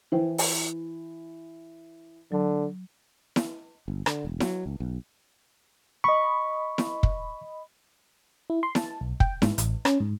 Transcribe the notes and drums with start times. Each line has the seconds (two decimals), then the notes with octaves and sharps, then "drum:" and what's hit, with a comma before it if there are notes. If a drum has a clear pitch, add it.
0.12 E3 E4 C5 G5
0.38 drum: open hi-hat
2.32 D3 F#3
3.36 drum: snare E4
3.88 G1
4.06 D3, drum: rim click
4.25 E1
4.40 F#3, drum: snare E4
4.66 C#2
4.80 B1
6.04 D#5 B5 C#6
6.78 drum: snare E4
7.03 drum: kick
8.50 E4
8.63 C6
8.75 A5, drum: snare E4
9.01 B1
9.20 G5, drum: kick
9.42 G#2, drum: snare E4
9.58 A1, drum: hi-hat
9.85 C#4, drum: rim click
10.00 G#2